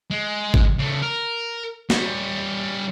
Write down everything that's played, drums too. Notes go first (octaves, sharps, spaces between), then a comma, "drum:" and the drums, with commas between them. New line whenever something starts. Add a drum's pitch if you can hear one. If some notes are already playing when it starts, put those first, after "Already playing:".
G#3
drum: kick
C#3 A3
A#4
G3 C#4, drum: snare